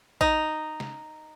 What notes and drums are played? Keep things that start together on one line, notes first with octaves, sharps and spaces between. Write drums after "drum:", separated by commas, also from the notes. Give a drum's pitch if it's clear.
D#4, drum: kick A1
drum: snare